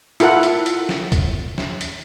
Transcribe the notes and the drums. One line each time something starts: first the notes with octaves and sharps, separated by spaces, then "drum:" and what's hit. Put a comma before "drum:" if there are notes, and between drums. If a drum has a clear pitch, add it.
E4 F4 A4 A#4 F#5, drum: hi-hat
drum: hi-hat
drum: hi-hat
drum: snare
drum: kick, hi-hat
drum: snare
drum: hi-hat